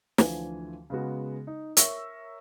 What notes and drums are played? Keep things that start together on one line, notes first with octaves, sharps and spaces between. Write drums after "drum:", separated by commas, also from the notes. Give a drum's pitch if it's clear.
D2 D3 E3 F3 G#5, drum: snare
C#3 G#3 B3 F#4
D#4
A#4 C#5 E5 C#6 E6 A#6, drum: hi-hat